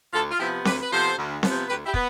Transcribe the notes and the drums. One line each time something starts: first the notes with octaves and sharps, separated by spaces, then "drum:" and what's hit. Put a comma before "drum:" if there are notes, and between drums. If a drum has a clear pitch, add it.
D2 F4 A4
F4
C3 F3 B3 E4 G4
D2 G4 B4, drum: snare C4
B4
C3 F3 B3 A4 C5
D2
C3 F3 B3, drum: snare C4
D2 G4 B4
E4 G4
B3, drum: kick